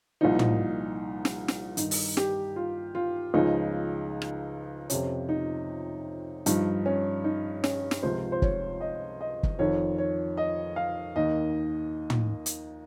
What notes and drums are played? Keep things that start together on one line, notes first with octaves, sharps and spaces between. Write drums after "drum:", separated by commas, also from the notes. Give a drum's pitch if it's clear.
C2 A#2 F3 D#4
drum: tom
drum: snare
drum: snare
G2 D#3 D#4, drum: hi-hat
drum: open hi-hat
G4, drum: snare
F4
F4
C#2 C#3 F3 D#4
drum: rim click
F2 C3 F3 C#4, drum: hi-hat
D#4
G2 F3 D#4, drum: hi-hat
C#4
D#4
C#4, drum: snare
drum: snare
C#2 C3 F3 C5
C5
C#5, drum: kick
D#5
D#5
drum: kick
F2 D#3 C#5
C#5
D#5
F5
D#2 D#3 D#5
drum: tom
drum: hi-hat